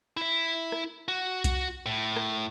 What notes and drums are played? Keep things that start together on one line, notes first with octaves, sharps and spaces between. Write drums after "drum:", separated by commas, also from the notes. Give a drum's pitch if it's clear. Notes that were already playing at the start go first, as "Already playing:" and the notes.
E4 E5
drum: rim click
F#4
drum: kick B1, hi-hat
A2
drum: rim click